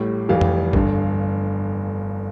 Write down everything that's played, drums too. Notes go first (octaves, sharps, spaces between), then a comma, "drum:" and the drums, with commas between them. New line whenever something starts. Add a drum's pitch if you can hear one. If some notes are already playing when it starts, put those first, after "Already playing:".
Already playing: A1 A2 G3
F1 F2 E3 G3 F5
drum: tom
G1 G2 D3, drum: kick